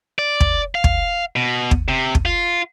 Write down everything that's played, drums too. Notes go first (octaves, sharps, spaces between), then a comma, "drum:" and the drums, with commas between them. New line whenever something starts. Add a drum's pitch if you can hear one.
D5
drum: kick
F5
drum: kick
B2
drum: kick
C3
drum: kick
F4